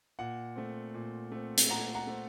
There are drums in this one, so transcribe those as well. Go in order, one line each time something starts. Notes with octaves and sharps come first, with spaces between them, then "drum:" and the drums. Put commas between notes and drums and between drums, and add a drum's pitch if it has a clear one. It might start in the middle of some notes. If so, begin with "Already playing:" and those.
A#2 F#5
A3 C4
A#2
A3 C4
drum: hi-hat
A#2 F#5 A#5
F#5 A#5
A3 C4